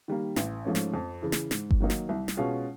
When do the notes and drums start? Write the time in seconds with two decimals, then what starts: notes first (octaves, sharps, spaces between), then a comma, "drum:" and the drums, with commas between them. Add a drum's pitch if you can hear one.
0.08 D#3 G3 A#3
0.36 A1, drum: snare
0.65 G#2 F3 A3 C#4
0.75 drum: snare
0.94 F2
1.22 C#3 E3
1.32 drum: snare
1.51 G#2, drum: snare
1.71 drum: kick G1
1.80 D#3 F#3 A#3 D#4
1.90 drum: snare
2.09 C2
2.28 drum: snare
2.37 B2 G#3 C#4 F4